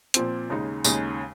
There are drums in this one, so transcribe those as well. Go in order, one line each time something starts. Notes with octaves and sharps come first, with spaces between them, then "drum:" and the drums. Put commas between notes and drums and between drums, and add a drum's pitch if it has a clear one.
A#2 F3 C4, drum: hi-hat
D#2 C#3 G#3 D#4
D#2 C#3 G#3 D#4, drum: tambourine